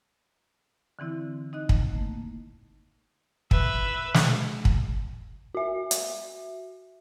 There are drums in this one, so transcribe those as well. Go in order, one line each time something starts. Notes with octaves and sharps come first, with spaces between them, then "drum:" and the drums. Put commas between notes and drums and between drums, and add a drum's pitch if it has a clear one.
D3 E3 C4 E4
D#4 D#5 F#6
drum: kick
A3 A#3
B4 E5, drum: kick
drum: snare
drum: kick
F#4 E5
drum: hi-hat